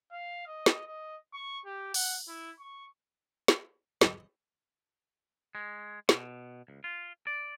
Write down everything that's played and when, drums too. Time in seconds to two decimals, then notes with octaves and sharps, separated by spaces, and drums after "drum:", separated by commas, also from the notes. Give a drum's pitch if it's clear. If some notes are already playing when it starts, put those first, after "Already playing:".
0.12 F5
0.47 D#5
0.66 drum: snare
0.87 D#5
1.33 C#6
1.65 G4
1.94 F#5, drum: open hi-hat
2.28 E4
2.60 C#6
3.48 drum: snare
4.01 D#5, drum: snare
5.55 G#3
6.09 B2, drum: snare
6.68 C#2
6.84 F4
7.27 D5